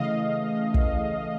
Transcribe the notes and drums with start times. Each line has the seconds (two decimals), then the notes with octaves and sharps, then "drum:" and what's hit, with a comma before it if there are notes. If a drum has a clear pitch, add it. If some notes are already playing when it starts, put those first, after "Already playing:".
Already playing: C#3 E3 A3 D#5 F5
0.40 C#3 E3 A3
0.74 drum: kick